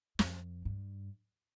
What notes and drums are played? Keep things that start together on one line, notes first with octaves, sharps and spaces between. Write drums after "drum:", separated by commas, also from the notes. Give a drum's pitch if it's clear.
F2, drum: snare
G2